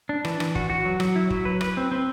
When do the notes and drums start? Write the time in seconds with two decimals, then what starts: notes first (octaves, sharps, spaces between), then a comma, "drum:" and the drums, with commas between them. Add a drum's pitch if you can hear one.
0.09 D4
0.25 E3, drum: rim click
0.40 E3, drum: rim click
0.55 F#4, drum: kick
0.70 F#4
0.85 F#3
1.00 F#3, drum: rim click
1.16 E4
1.30 F#3, drum: kick
1.45 B4
1.61 B4, drum: rim click
1.77 C4
1.91 C4